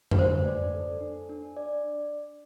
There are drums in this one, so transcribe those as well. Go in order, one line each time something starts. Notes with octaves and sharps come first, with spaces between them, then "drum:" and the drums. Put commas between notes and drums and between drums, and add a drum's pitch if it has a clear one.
B4, drum: tom F2
D4 C5
D5
A4
D4
D4
D5